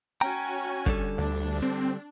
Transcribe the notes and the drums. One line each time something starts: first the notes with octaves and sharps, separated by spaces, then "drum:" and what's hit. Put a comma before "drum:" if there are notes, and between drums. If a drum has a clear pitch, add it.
C#4 F#4 G5 G#5 A#5
D3 G3 A4, drum: kick
D2 D4
C4